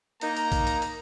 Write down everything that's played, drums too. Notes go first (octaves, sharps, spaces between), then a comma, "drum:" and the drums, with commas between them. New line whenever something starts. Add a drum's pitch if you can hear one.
A#3 D#4 A#5, drum: hi-hat
drum: hi-hat
drum: kick A1, hi-hat
drum: hi-hat
drum: hi-hat